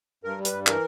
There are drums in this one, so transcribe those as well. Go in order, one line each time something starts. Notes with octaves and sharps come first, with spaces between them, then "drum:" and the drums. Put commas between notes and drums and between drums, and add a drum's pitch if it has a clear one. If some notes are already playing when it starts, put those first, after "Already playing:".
G2 A#4
G3
B4, drum: hi-hat
G2
E3 A#4, drum: clap